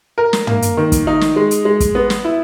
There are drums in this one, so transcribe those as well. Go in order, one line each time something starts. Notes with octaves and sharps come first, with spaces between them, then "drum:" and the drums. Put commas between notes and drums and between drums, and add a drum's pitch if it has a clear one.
A#4
drum: snare
A#3, drum: tom
drum: hi-hat
D#3
drum: kick, hi-hat
D#4
drum: snare
G#3
drum: hi-hat
G#3
drum: kick, hi-hat
B3
drum: snare
E4